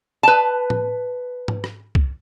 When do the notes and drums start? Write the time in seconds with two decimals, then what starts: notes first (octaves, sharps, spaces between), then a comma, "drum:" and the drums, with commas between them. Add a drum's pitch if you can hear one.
0.23 B4 A5
0.70 drum: tom A2
1.48 drum: tom G#2
1.64 drum: rim click
1.95 drum: kick C2